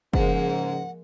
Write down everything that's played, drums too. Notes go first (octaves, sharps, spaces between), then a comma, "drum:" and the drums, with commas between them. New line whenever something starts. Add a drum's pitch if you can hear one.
G#2 C#3 F3 G#3 A#3 F#5, drum: kick